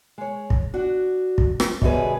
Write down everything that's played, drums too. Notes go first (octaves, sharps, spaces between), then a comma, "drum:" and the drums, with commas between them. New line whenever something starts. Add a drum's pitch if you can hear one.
G#3 C#5
drum: kick
D4 F#4
drum: kick
drum: rim click
F#2 B2 D3 G3 G#4 B4, drum: kick